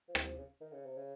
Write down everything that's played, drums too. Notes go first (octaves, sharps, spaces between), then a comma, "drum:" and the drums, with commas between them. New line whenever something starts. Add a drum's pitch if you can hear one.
F3
D#3, drum: rim click
F3
C#3
D#3
C#3
C3
C#3